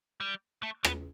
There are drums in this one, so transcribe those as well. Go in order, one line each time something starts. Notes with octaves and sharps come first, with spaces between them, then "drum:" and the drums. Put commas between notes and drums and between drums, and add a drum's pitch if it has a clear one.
G3
A3
B3, drum: rim click